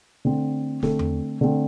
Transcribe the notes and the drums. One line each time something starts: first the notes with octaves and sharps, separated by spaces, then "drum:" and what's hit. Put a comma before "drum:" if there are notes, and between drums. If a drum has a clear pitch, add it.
D3 A3 C4
D3 A3 C4, drum: snare
drum: tom E2
D3 A3 C4